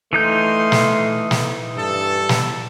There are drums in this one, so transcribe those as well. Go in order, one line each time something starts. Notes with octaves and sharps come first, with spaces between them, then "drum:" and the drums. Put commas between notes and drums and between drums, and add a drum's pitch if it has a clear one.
E3 A3 A#3 D#4 C6 G6
drum: snare
drum: snare
G2 A4
drum: snare